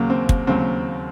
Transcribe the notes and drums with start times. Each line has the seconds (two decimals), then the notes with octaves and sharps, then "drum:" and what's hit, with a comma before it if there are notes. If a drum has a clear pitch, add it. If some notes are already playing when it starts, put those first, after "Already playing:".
Already playing: D#2 C#3 F#3 A#3
0.10 C4
0.29 drum: kick
0.47 D#2 C#3 F#3 C4